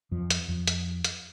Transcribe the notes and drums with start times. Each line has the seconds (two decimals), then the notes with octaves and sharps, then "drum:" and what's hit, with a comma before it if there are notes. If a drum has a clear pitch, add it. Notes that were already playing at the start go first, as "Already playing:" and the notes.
0.11 F2 F3
0.30 drum: hi-hat
0.48 F2 F3
0.67 drum: hi-hat
1.04 drum: hi-hat